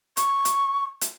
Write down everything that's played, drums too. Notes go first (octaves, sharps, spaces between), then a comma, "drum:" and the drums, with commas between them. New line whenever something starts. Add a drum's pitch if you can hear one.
C#6, drum: hi-hat
drum: hi-hat
drum: hi-hat